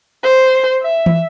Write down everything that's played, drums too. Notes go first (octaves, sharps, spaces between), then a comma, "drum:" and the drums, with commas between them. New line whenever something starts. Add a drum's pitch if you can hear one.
C5
E5
drum: tom